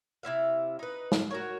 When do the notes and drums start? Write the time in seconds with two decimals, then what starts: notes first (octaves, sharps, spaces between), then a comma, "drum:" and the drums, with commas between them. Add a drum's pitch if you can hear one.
0.23 C3 E4 E5 F5
0.79 D#4 B4
1.12 drum: snare
1.31 F#4 A#4 C#5